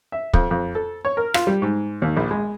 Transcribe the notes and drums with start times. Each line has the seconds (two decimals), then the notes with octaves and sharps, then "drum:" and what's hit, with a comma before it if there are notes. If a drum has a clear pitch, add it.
0.12 E5
0.34 F2, drum: kick
0.51 F2
0.75 A4
1.05 C#5
1.17 A#4
1.34 F4, drum: rim click
1.47 G3
1.62 G#2
2.02 D#2
2.16 A#1
2.31 G#3